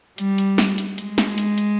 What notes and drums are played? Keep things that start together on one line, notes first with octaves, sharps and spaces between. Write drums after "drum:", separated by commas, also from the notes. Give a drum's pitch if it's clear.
G3, drum: hi-hat
drum: hi-hat
drum: snare
drum: hi-hat
G#3, drum: hi-hat
drum: snare
drum: hi-hat
drum: hi-hat